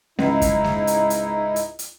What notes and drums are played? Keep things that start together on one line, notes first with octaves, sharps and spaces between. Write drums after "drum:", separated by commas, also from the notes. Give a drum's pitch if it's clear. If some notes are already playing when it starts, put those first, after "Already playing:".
C#2 G#2 D#4 E4, drum: snare G#3
drum: kick F#2, hi-hat
drum: snare G#3
drum: hi-hat
drum: hi-hat
drum: hi-hat
drum: hi-hat